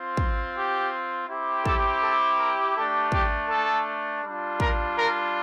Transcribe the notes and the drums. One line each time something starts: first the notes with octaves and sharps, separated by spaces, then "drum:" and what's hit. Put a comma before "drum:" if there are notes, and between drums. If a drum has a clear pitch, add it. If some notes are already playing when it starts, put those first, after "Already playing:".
Already playing: C4 F4
drum: kick
G4
C4 E4 G4
A4, drum: kick
A4
A#4
A3 D4 G4 A4
G4, drum: kick
A4
G3 D4 F4
A#4, drum: kick
A#4